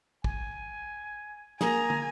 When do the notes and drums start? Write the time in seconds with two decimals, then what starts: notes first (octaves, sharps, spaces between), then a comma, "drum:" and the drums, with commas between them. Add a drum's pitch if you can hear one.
0.24 G#5, drum: kick
1.61 A#3 G#4 G#5 A#5, drum: snare
1.90 drum: tom